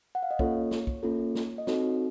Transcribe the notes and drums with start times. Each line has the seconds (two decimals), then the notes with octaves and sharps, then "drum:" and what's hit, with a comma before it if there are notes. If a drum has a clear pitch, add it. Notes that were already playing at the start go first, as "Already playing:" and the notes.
0.15 F#5
0.23 F5
0.31 D#5
0.39 A#3 C#4 F4 A4 C#5, drum: kick
0.71 drum: snare
0.87 drum: kick
1.03 A#3 C#4 F4 A4
1.35 drum: snare
1.58 D#5
1.67 C4 D#4 F#4 A4 C#5, drum: snare